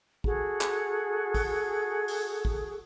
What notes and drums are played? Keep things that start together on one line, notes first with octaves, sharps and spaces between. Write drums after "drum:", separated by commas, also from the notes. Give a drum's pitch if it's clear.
F#4 G#4 A4, drum: kick
drum: clap
drum: kick, open hi-hat
drum: open hi-hat
drum: kick